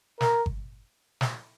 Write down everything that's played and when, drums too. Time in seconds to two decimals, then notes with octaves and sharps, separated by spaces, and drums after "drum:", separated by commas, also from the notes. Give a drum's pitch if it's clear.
0.21 A#4, drum: snare
0.46 drum: kick G1
1.21 drum: snare